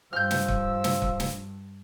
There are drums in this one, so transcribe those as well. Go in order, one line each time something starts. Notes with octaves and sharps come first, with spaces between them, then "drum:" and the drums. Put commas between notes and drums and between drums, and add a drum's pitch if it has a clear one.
G2 F3 E6 F6 G6
drum: snare
drum: kick
drum: snare
drum: kick
drum: snare